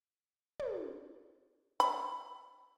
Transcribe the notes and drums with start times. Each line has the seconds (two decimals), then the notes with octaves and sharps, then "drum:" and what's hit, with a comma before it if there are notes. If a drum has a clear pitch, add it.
0.59 drum: tom
1.80 B5, drum: hi-hat